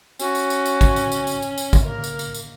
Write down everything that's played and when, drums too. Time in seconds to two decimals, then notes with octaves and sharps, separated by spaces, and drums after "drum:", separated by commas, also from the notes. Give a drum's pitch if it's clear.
0.20 C#4 F#4, drum: tambourine
0.35 drum: tambourine
0.50 drum: tambourine
0.66 drum: tambourine
0.81 drum: kick, tambourine
0.96 drum: tambourine
1.12 drum: tambourine
1.27 drum: tambourine
1.42 drum: tambourine
1.58 drum: tambourine
1.73 drum: kick, tambourine
1.83 A#3 A#4
2.04 drum: tambourine
2.19 drum: tambourine
2.34 drum: tambourine